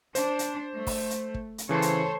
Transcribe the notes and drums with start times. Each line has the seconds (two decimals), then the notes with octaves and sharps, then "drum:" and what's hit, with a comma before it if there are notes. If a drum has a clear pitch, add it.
0.15 D4 C5, drum: hi-hat
0.39 drum: hi-hat
0.75 A3
0.87 drum: kick, open hi-hat
1.11 drum: hi-hat
1.34 drum: kick
1.58 drum: hi-hat
1.69 C#3 E3 A4 C5 C#5
1.82 drum: hi-hat